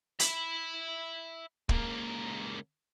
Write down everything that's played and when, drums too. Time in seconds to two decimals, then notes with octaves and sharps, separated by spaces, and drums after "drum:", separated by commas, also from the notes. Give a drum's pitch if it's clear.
0.20 E5 B5, drum: hi-hat
1.69 C#2 A#3, drum: kick